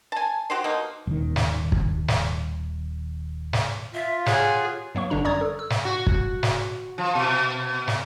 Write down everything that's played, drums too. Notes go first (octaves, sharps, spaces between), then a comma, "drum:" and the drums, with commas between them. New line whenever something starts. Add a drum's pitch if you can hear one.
G#5 A5
F#4 G4 C5 C6
B2 A#3 D#4
D#1 D#3
drum: snare
drum: kick
drum: snare
drum: snare
F4 E5
G4 G#4 C#5 F#5, drum: snare
G2 F#3 A#3 C#6
G#1 D3 G3 D4 A#5
F#2 D5 A#5 C#6 D#6 G#6
A4
E6
drum: snare
F#4
drum: kick
drum: snare
F3
B2
drum: snare